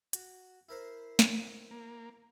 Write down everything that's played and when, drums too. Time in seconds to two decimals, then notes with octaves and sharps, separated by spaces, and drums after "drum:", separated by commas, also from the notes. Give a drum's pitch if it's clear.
0.13 F#4, drum: hi-hat
0.69 E4 A#4 C5
1.19 drum: snare
1.71 A#3